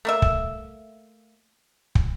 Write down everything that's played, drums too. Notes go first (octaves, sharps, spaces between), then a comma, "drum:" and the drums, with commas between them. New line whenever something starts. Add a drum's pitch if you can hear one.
A3 A#3 E5
drum: kick
drum: kick